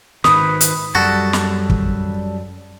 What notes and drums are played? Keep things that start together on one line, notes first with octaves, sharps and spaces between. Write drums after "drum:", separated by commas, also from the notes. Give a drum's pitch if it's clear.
G#2 D#3 B4 D#6, drum: snare
drum: hi-hat
F#2 G3 F#4 A4 A5
drum: snare
drum: kick